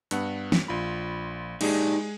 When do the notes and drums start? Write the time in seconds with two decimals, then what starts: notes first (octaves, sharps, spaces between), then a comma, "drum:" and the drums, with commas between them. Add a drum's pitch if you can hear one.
0.11 G2 B3 F#5, drum: hi-hat
0.52 drum: snare
0.68 A#1 F4 B5
1.61 G#3 D4 D#4 G4 G#4, drum: cymbal